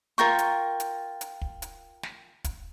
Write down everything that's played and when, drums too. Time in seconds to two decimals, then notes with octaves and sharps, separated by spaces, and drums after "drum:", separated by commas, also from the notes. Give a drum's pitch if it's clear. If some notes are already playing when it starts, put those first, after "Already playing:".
0.18 F4 A#4 G5 C#6
0.39 drum: hi-hat
0.80 drum: hi-hat
1.21 drum: hi-hat
1.41 drum: kick
1.62 drum: hi-hat
2.03 drum: snare
2.44 drum: kick, hi-hat